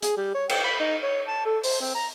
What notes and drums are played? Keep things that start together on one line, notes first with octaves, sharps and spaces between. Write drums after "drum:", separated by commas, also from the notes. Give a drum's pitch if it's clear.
G#4, drum: hi-hat
G3
C#5
G5, drum: cymbal
B5
D#4
C#5
A5
A4
C5, drum: open hi-hat
C4
A#5